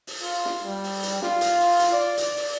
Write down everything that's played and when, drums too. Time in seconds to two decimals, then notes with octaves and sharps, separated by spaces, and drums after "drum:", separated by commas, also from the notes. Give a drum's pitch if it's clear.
0.07 drum: open hi-hat
0.23 F4
0.45 drum: snare
0.64 G3
0.84 drum: open hi-hat
1.03 drum: hi-hat
1.22 F4, drum: snare
1.41 drum: hi-hat
1.60 drum: open hi-hat
1.79 drum: hi-hat
1.92 D5
2.17 drum: hi-hat
2.37 drum: open hi-hat